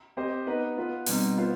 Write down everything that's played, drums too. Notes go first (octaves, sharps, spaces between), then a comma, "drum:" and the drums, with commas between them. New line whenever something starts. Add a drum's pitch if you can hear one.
C4 G4 C5 D#5
B3 D#4 B4 D#5
B3 F4 B4
B2 G3 C4 D#4, drum: open hi-hat
B3 F4 C5